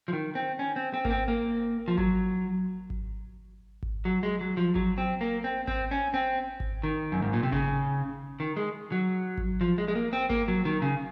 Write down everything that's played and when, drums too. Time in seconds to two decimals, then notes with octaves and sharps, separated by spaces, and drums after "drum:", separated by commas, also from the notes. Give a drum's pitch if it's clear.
0.08 F3
0.13 D#3
0.35 C4
0.59 C#4
0.76 C4
0.94 C4
1.05 A#3, drum: kick G#1
1.11 C4
1.28 A#3
1.88 F3
1.98 F#3, drum: kick G#1
2.90 drum: kick G#1
3.83 drum: kick G#1
4.05 F#3
4.23 G#3
4.41 F#3
4.57 F3
4.75 F#3, drum: kick G#1
4.98 C4
5.21 A#3
5.44 C4
5.67 C4, drum: kick G#1
5.91 C#4
6.14 C4
6.60 drum: kick G#1
6.83 D#3
7.12 F#2
7.22 G#2
7.33 A#2
7.43 C3
7.52 C#3, drum: kick G#1
8.40 D#3
8.56 G#3
8.92 F#3
9.38 drum: kick G#1
9.61 F3
9.78 G#3
9.88 G#3
9.95 A#3
10.13 C4
10.30 A#3, drum: kick G#1
10.48 F#3
10.65 D#3
10.82 C#3